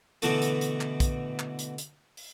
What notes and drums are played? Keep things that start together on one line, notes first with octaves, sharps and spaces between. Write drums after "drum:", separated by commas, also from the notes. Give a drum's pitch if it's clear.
B2 D3 E3 A3 F#4 A4, drum: hi-hat
drum: hi-hat
drum: hi-hat
drum: clap
drum: kick, hi-hat
drum: clap
drum: hi-hat
drum: hi-hat
drum: open hi-hat